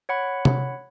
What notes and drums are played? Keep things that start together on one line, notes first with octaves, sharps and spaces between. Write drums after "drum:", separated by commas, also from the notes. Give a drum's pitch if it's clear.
C#5 F#5 B5
drum: tom C3